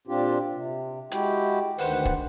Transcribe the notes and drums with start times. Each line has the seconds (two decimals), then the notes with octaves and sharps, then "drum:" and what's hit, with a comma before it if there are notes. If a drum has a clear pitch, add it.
0.07 A#2 C4 D4 F4 G4
0.52 C3
1.11 G#3 E4 F#4 G4 G5, drum: hi-hat
1.78 D2 D#3 B4 C5 F#5, drum: open hi-hat
2.05 drum: kick